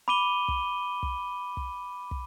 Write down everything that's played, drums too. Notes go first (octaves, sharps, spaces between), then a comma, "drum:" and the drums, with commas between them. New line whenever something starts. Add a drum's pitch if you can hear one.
B5 D6 D#7 G7
drum: kick
drum: kick
drum: kick
drum: kick